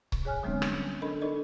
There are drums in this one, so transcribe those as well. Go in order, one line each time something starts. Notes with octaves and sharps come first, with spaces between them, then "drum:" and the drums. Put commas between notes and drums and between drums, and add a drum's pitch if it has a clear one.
C3, drum: kick C#1
G#4 C#5 G#5 F6 F#6
D3 F#3 G#3 B3 C4 D4
drum: rim click
G3 C#4
D4 A4 A#4 D#5 B5
D4 D#4 A4 A#4 D5 D#5